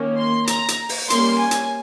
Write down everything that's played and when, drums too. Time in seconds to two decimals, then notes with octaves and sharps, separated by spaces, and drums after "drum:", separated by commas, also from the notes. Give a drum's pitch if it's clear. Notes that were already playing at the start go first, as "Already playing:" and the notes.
Already playing: D#3 A#3 C#4
0.17 C6
0.47 A#5, drum: hi-hat
0.68 drum: hi-hat
0.89 drum: open hi-hat
1.10 G3 A#3 C#4 C6, drum: hi-hat
1.41 G#5
1.51 drum: hi-hat